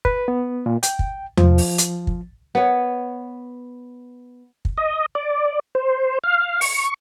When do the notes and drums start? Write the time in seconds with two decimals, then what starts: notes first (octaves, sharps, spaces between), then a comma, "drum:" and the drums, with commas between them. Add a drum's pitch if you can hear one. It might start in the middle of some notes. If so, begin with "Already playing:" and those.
0.05 B4, drum: kick
0.28 B3
0.66 A#2
0.83 G5, drum: hi-hat
0.99 drum: kick
1.37 F3, drum: tom E2
1.58 drum: open hi-hat
1.78 drum: hi-hat
2.07 drum: kick
2.55 B3 C#5
4.65 drum: kick
4.78 D#5
5.15 D5
5.75 C5
6.24 F5
6.61 C#6, drum: open hi-hat